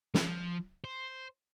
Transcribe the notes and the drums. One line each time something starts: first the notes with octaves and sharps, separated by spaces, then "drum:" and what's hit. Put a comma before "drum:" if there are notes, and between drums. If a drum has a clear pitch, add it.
F3, drum: snare
C5